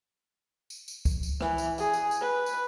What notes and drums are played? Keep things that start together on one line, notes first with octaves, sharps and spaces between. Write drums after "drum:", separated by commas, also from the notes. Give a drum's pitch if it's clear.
drum: tambourine
drum: tambourine
drum: kick C#2, tambourine
drum: tambourine
E3, drum: rim click
drum: tambourine
G#4, drum: tambourine
drum: tambourine
drum: tambourine
B4
drum: tambourine